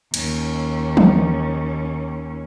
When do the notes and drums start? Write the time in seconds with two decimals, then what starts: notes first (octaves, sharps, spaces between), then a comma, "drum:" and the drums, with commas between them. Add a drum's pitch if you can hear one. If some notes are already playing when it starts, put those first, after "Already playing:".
0.14 D#2 C#4, drum: cymbal
0.97 drum: tom E3